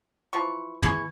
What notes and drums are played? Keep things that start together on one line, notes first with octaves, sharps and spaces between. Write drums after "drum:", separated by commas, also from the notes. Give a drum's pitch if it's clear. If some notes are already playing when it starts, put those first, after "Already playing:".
E3 F3 C#6
E3 G#4 C#6 G#6, drum: tom